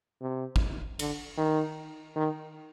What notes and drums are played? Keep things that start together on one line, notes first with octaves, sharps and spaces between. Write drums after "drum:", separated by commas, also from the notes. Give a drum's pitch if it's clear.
C3
drum: kick
D3, drum: cymbal
D#3
D#3